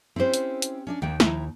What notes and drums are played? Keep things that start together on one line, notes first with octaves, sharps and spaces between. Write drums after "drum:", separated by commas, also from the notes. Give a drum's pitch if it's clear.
C4 C#4 E4 G4 C5
drum: hi-hat
drum: hi-hat
C#4 D4 D5
D#2 D#3 A#3 G5
F3 E4 A#5, drum: snare